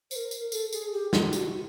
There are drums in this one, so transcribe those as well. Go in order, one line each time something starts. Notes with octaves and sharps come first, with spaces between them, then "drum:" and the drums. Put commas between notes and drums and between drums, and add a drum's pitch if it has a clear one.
C5, drum: tambourine
A#4
drum: tambourine
A4, drum: tambourine
G#4, drum: tambourine
G4
G4, drum: snare
F#4, drum: tambourine
E4